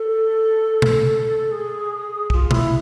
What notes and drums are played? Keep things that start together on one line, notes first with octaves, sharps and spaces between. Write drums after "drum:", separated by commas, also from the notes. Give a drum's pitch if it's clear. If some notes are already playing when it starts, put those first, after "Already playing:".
Already playing: A4
drum: tom B2
G#4
G#4, drum: kick
F4
E4, drum: tom B2